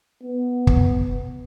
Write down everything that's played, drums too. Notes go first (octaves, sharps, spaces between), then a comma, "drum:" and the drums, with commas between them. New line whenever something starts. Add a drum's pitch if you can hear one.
B3
drum: kick